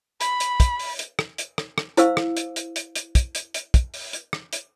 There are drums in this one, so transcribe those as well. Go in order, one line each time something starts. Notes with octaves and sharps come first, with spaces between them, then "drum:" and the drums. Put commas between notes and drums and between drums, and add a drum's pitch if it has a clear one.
B5, drum: hi-hat
drum: hi-hat
drum: kick, hi-hat
drum: open hi-hat
drum: hi-hat
drum: rim click
drum: hi-hat
drum: rim click
drum: rim click
E4 C5 F5 E6, drum: hi-hat
drum: rim click
drum: hi-hat
drum: hi-hat
drum: hi-hat
drum: hi-hat
drum: kick, hi-hat
drum: hi-hat
drum: hi-hat
drum: kick, hi-hat
drum: open hi-hat
drum: hi-hat
drum: rim click
drum: hi-hat